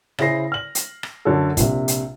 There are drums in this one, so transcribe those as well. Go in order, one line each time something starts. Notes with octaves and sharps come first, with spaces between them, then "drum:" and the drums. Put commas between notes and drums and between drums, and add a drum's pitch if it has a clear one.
C#3 E4 G#4 C5 A#6 C7, drum: rim click
F6 F#7
drum: hi-hat
drum: rim click
F#2 D3 C#4 F#4 A4
A#1 C3, drum: kick, hi-hat
drum: hi-hat